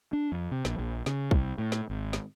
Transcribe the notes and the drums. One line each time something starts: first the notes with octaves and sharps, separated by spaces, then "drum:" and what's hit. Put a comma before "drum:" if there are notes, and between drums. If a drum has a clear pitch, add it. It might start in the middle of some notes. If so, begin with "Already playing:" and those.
D4
F2
C3
A#1, drum: snare
A#1
C#3, drum: snare
C2, drum: kick
A2
drum: snare
G#1
drum: snare